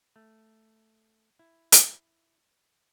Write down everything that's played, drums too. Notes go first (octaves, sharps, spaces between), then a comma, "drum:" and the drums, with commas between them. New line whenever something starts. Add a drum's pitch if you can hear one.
A3
E4
drum: hi-hat